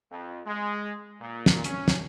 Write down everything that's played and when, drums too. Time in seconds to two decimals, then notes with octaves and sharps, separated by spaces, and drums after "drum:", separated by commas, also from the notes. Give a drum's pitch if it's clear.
0.11 F2
0.45 G#3
1.20 A#2
1.46 drum: snare
1.64 C#4, drum: hi-hat
1.88 drum: snare